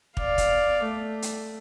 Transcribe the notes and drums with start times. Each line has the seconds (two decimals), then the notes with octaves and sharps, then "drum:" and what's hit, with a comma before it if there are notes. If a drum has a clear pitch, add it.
0.17 D5 F5, drum: kick
0.38 drum: kick, hi-hat
0.84 A3
1.22 drum: hi-hat